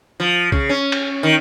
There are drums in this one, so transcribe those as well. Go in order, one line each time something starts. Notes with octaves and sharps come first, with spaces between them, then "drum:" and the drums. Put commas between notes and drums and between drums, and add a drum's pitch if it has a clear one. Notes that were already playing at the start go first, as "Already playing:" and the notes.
F3
C#3, drum: kick C2
C#4
drum: cymbal
D#3